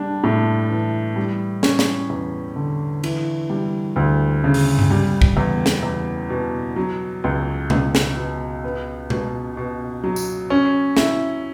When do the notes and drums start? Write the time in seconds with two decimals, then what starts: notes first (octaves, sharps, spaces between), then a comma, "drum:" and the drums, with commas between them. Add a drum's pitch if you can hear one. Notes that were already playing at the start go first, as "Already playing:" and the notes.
Already playing: G3 D4
0.24 A2
0.70 E3
1.16 G3
1.63 C#4, drum: snare
1.79 drum: snare
2.10 E2
2.56 D3
3.04 E3, drum: cymbal
3.50 G3
3.96 D2
4.44 C#3
4.54 drum: open hi-hat
4.79 drum: tom G2
4.90 G3
5.22 drum: kick
5.37 E2
5.66 drum: snare
5.83 E2
6.30 B2
6.76 F#3
7.24 C#2
7.70 C#2, drum: tom B2
7.95 drum: snare
8.17 B2
8.64 B3
9.10 B2, drum: tom B2
9.57 B2
10.04 F#3
10.16 drum: tambourine
10.50 C#4
10.97 E4, drum: snare